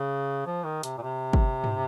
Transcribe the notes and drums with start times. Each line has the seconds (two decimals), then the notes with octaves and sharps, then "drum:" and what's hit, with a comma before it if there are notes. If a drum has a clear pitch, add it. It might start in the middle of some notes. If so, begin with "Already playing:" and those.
Already playing: C#3
0.46 F3
0.64 D#3
0.83 C3, drum: hi-hat
0.98 A#2
1.02 C3
1.33 drum: kick
1.64 drum: tom G2